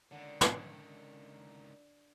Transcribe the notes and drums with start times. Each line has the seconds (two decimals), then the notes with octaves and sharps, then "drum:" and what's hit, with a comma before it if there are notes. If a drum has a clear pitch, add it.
0.11 C#2 D3 D#3
0.41 drum: snare